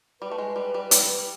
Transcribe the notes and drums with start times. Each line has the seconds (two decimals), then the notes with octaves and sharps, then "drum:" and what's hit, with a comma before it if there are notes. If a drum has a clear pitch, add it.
0.21 G3 B4
0.32 A3
0.38 G#3
0.56 G3
0.74 G3
0.91 G3, drum: hi-hat